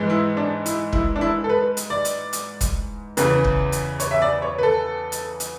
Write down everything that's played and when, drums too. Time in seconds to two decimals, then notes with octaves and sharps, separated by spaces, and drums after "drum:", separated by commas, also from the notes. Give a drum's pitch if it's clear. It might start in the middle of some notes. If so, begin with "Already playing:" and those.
Already playing: G#2 E3 G#3
0.10 E4
0.37 D4
0.66 E4, drum: hi-hat
0.93 E4, drum: kick
1.16 D4
1.21 E4
1.44 A4
1.49 B4
1.77 drum: hi-hat
1.90 D5
2.05 drum: hi-hat
2.33 drum: hi-hat
2.61 drum: kick, hi-hat
3.17 E2 C#3 E3, drum: hi-hat
3.44 drum: kick
3.72 drum: hi-hat
4.00 C#5, drum: hi-hat
4.11 E5
4.22 D5
4.42 C#5
4.58 B4
4.63 A4
5.12 drum: hi-hat
5.40 drum: hi-hat